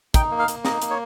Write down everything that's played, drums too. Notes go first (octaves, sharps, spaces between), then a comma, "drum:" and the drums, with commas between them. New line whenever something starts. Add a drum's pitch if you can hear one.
D#4 G5, drum: kick, hi-hat
A#3
F5
A#3, drum: hi-hat
D#4 D#5, drum: snare
A#3, drum: hi-hat
C#5